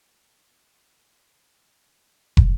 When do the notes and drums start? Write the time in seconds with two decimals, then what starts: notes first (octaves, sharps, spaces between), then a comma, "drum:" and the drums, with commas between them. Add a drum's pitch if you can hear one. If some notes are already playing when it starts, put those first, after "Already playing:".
0.19 C#5
0.58 D#4 C5
1.61 F2
1.92 F3 G3 C#4 F4 G4
2.37 drum: kick